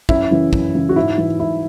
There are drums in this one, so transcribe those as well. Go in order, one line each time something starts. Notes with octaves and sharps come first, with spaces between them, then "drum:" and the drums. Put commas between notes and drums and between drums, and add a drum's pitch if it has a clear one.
F#2 E4, drum: kick
C#3 E3
F#2, drum: kick
C#3 E3
F#4
G#2 E4
E3
G#2 E4